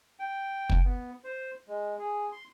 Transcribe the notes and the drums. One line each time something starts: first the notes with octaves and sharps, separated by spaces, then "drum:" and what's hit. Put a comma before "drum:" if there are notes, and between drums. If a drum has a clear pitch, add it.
G5
drum: kick
B3
C5
G#3
G#4
C6